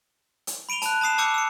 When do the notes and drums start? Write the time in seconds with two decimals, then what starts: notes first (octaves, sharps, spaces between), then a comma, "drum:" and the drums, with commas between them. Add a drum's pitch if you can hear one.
0.47 drum: hi-hat
0.69 B5 D7 D#7 F7 G7
0.82 A5 B5 F#6, drum: hi-hat
1.01 A5 B5 D#6 C7 E7
1.18 A5 D6 E6 G6 C#7 D#7
1.34 E6 C#7